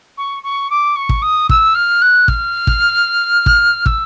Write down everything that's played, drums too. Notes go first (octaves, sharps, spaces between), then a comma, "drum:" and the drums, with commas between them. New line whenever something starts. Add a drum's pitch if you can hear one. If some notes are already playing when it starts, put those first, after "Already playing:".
C#6
C#6
D6
C#6
drum: kick
D#6
E6, drum: kick
F6
F#6
F6, drum: kick
drum: kick
drum: kick
E6, drum: kick